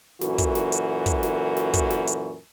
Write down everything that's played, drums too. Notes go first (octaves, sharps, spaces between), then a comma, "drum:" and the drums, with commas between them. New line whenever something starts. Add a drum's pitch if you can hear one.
F#2 A#2 E3 F#4 A4, drum: snare
drum: kick, hi-hat
drum: snare
drum: hi-hat
drum: kick, hi-hat
drum: snare
drum: snare
drum: kick, hi-hat
drum: snare
drum: hi-hat